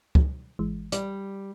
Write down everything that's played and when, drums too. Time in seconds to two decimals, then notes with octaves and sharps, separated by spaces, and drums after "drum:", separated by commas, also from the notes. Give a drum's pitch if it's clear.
0.15 drum: kick
0.59 G#1 E3 G#3
0.92 G3 D5, drum: hi-hat